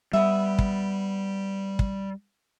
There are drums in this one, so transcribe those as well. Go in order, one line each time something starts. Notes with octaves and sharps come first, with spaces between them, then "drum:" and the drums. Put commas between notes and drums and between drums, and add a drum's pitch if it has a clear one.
G3 B3 E5
drum: kick
drum: kick